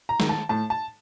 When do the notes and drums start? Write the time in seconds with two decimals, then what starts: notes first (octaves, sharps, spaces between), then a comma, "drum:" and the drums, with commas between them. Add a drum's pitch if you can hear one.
0.09 A#5
0.20 D#3, drum: snare
0.29 A5
0.49 A2 A5
0.70 A5